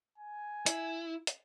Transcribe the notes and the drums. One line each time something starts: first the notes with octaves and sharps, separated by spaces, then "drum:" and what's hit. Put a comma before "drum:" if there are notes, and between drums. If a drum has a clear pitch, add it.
G#5
E4, drum: hi-hat
drum: hi-hat